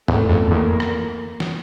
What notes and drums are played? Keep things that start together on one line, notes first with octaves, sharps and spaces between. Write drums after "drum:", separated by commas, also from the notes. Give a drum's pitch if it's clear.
E2 A3, drum: tom G#2
F2
E2 A#3
drum: rim click
drum: snare